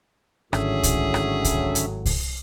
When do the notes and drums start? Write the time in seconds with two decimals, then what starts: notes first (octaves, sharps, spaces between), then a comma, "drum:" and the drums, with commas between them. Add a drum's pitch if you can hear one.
0.53 G#1 A2 D3 F#3 C#4 G#4 E5, drum: rim click
0.83 drum: kick C2, hi-hat
1.14 drum: rim click
1.44 drum: kick C2, hi-hat
1.75 drum: hi-hat
2.06 drum: kick C2, open hi-hat